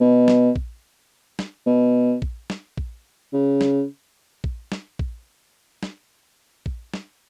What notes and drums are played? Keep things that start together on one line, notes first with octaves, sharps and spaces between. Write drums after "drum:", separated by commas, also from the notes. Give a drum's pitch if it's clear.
B2
drum: snare
drum: kick A#1
drum: snare
B2
drum: kick A#1
drum: snare
drum: kick A#1
C#3
drum: snare
drum: kick A#1
drum: snare
drum: kick A#1
drum: snare
drum: kick A#1
drum: snare